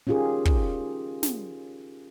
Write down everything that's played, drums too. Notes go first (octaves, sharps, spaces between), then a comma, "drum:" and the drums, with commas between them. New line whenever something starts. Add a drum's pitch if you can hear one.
C#4 D#4 F4 G4 G#4 A#4
drum: kick
drum: snare